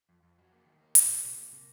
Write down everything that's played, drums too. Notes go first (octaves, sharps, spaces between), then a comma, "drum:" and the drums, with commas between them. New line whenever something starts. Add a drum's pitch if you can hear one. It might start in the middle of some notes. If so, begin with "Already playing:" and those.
F2
F2
F#3
A#3
D#3
A#3
A#2 F#3, drum: hi-hat
A#3
A#2
C3 F#3
A#3
C3